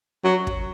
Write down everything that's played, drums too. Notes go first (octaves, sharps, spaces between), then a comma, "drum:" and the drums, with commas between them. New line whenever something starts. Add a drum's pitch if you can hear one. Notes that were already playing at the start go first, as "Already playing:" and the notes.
F#3
drum: kick